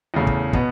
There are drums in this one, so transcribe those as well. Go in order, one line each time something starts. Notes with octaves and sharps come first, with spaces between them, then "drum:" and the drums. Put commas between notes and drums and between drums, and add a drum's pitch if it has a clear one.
E2 C#3 A3
drum: kick
B2 B3, drum: kick